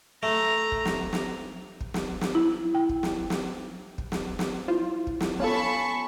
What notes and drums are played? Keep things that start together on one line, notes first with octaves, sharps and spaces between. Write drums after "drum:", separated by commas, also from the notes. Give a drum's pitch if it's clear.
A3 A#5
drum: kick
drum: snare
drum: snare
drum: kick
drum: snare
drum: snare
E4
G5
drum: kick
drum: snare
drum: snare
drum: kick
drum: snare
drum: snare
E4 F4 C5
drum: kick
drum: snare
B3 C#4 F4 A4 G#5 A5 B5 C#6